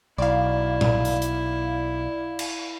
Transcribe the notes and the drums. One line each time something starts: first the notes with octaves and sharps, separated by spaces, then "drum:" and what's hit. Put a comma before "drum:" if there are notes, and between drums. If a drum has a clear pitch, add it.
B1 E4 D5 F5
drum: tom A#2
drum: hi-hat
drum: hi-hat
drum: cymbal